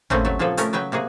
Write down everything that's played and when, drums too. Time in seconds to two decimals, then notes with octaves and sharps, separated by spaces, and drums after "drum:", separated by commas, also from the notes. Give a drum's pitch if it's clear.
0.10 C#3 G3 A3 A#3 C4 C#4, drum: tom G#1
0.25 F#3 A3
0.39 A#2 F3 A#3 G#4 A4
0.57 F3 A3 C#4 A#4, drum: hi-hat
0.73 C#3 F#3 B4 G5
0.92 C3 A#3 F#4 G#4